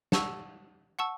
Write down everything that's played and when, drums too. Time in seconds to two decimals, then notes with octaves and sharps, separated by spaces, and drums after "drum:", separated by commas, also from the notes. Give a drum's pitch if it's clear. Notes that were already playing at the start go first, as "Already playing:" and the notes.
0.12 F#5 A5 C#6 E6, drum: snare
0.99 F#5 A5 C#6 E6